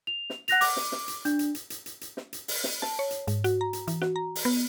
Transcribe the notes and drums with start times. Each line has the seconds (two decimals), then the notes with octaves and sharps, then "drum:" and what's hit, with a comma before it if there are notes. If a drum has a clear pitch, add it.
0.07 F7
0.30 drum: snare
0.48 F#5 F#6 A#6 F7, drum: hi-hat
0.61 D6, drum: open hi-hat
0.77 drum: snare
0.92 drum: snare
1.08 drum: hi-hat
1.25 D4, drum: hi-hat
1.39 drum: hi-hat
1.55 drum: hi-hat
1.70 drum: hi-hat
1.86 drum: hi-hat
2.01 drum: hi-hat
2.17 drum: snare
2.33 drum: hi-hat
2.48 drum: open hi-hat
2.64 drum: snare
2.82 A5, drum: snare
2.99 C#5
3.11 drum: hi-hat
3.27 G#2, drum: hi-hat
3.44 F#4, drum: hi-hat
3.61 A#5
3.73 drum: hi-hat
3.88 E3, drum: hi-hat
4.02 F#4, drum: snare
4.16 A#5
4.35 drum: open hi-hat
4.45 B3